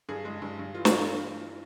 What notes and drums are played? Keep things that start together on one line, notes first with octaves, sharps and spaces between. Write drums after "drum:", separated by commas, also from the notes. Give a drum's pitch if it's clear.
G2 G#4
G#3
G2
G2
E3 F4
drum: snare